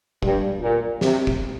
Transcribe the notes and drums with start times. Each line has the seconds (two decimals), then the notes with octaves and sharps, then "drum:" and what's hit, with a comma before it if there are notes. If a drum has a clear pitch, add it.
0.23 G2, drum: kick
0.62 A#2
1.01 C3, drum: snare
1.27 drum: kick